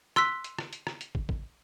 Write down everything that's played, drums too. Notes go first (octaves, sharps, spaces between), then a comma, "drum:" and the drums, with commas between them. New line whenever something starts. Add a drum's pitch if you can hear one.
C6 E6 F#6 B6, drum: rim click
drum: hi-hat
drum: rim click
drum: hi-hat
drum: rim click
drum: hi-hat
drum: kick
drum: kick